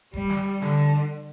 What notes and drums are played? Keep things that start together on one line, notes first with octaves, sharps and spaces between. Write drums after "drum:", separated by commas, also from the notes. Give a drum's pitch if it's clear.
G3, drum: kick E1
drum: snare
D3, drum: snare